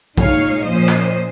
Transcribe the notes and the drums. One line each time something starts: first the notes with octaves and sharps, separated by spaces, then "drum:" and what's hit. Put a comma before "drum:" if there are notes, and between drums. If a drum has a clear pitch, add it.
A#2 G#3 D#4 C#5 F5, drum: kick
A#2 F3 A#3 C#4 C5 D#5
drum: clap